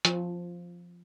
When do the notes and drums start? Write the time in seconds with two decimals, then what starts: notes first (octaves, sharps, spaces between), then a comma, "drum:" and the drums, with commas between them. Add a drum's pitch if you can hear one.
0.05 F3, drum: hi-hat